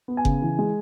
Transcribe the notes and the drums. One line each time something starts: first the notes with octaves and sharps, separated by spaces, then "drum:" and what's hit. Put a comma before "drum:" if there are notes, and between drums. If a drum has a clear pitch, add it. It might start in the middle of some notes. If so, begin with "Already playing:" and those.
B3
G#5
C#3, drum: kick F#1
E3
G#3